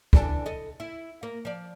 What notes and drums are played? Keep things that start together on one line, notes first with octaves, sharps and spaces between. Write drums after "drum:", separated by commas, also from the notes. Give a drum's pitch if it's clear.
E3 D4 A4, drum: kick
A4 D#5
E4
A#3
F3 D5